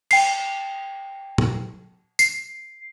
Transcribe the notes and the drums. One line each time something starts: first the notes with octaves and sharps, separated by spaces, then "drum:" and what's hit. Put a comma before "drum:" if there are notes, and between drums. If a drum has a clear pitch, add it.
G5 C7, drum: cymbal
drum: tom
C7, drum: tambourine